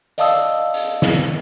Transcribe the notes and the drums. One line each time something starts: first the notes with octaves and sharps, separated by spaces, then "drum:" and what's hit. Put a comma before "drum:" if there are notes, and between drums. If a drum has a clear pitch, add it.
D5 D#5 F5 A5 D#6 E6, drum: hi-hat
drum: hi-hat
drum: snare